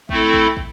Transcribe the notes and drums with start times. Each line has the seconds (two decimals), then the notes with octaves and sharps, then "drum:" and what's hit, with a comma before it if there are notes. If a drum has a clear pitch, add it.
0.09 A3 C4 E4 A4, drum: kick
0.33 drum: kick
0.57 drum: kick